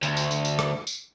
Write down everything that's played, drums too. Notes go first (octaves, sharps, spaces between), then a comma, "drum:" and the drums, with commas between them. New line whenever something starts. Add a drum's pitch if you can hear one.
D2, drum: tambourine
drum: tambourine
drum: tambourine
drum: tambourine
drum: rim click
drum: tambourine